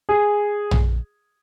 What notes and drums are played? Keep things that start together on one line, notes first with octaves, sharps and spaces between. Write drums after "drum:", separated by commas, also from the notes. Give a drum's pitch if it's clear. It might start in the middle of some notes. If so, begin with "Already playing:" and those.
G#4
drum: tom A#1